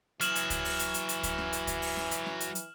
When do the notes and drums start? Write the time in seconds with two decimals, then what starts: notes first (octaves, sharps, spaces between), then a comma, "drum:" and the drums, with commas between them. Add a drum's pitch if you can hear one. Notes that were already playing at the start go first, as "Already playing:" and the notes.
0.21 E3 F#3 G#4 F6 E7 F#7, drum: hi-hat
0.35 drum: hi-hat
0.50 drum: kick C#2, hi-hat
0.65 drum: open hi-hat
0.79 drum: hi-hat
0.94 drum: hi-hat
1.09 drum: hi-hat
1.23 drum: kick C#2, hi-hat
1.38 drum: snare C#4
1.53 drum: hi-hat
1.67 drum: kick C#2, hi-hat
1.82 drum: open hi-hat
1.97 drum: snare C#4
2.11 drum: hi-hat
2.26 drum: snare C#4
2.40 drum: hi-hat
2.55 drum: hi-hat